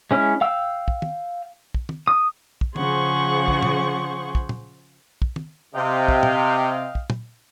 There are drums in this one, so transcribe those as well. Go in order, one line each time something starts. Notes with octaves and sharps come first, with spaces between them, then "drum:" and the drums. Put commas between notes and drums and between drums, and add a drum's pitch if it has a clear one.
G#3 C#4 E4 F6
F5 G5 E6
drum: kick
drum: tom
drum: kick
drum: tom
D#6
drum: kick
C#3 F3 G#4 C5 F#5 C#6, drum: tom
drum: kick
drum: tom
drum: kick
drum: tom
drum: kick
drum: tom
C3 D#5 F5 G5
drum: kick
drum: tom
drum: kick
drum: tom